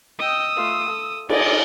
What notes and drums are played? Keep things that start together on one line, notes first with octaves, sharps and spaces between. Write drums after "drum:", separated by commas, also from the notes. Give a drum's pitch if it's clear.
D#5 G5 D#6 E6
A3 F4
A4
D5 D#5 G#5, drum: cymbal